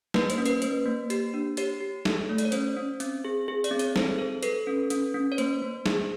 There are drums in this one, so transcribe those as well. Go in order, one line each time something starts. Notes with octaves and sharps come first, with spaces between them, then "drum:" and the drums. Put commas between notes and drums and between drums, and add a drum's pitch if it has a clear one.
A#3 B4, drum: snare
C5, drum: hi-hat
C#4
B4, drum: hi-hat
A#3 C5, drum: hi-hat
A#3
G4, drum: hi-hat
D4
G4 C#5, drum: hi-hat
G4
A4, drum: snare
A3
D5, drum: hi-hat
C#5
C#4 C5, drum: hi-hat
C#4
C4, drum: hi-hat
G#4
G#4
D5, drum: hi-hat
C4
C#5, drum: hi-hat
A4 C5, drum: snare
A4
A4 B4, drum: hi-hat
C#4
C#4, drum: hi-hat
C#4
C#5
A#3 C5, drum: hi-hat
A#3
G#4, drum: snare